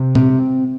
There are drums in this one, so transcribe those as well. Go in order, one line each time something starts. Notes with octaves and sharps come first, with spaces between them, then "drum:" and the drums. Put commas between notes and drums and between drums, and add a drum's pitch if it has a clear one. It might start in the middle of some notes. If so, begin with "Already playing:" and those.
Already playing: C3
C4, drum: tom A#2